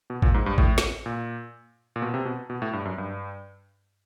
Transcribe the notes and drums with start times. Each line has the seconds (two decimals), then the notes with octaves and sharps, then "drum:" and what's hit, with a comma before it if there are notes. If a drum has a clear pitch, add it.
0.10 B2
0.22 A#2, drum: kick
0.34 G#2
0.46 G2
0.58 A2, drum: kick
0.78 drum: snare
1.06 A#2
1.96 A#2
2.02 B2
2.14 C3
2.25 B2
2.50 B2
2.62 A2
2.73 G2
2.85 F#2
2.98 G2